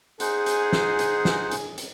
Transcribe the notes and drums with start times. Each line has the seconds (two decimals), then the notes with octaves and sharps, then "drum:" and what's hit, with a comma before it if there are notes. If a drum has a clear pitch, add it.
0.20 D#4 G#4 C5 F#5, drum: hi-hat
0.46 drum: hi-hat
0.73 drum: snare
0.99 drum: hi-hat
1.25 drum: snare
1.51 drum: hi-hat
1.78 drum: hi-hat